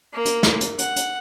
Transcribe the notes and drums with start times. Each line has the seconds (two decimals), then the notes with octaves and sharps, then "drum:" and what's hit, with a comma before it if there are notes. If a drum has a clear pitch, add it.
0.13 A#3
0.25 drum: hi-hat
0.43 drum: snare
0.61 drum: hi-hat
0.78 F#5, drum: hi-hat
0.96 drum: hi-hat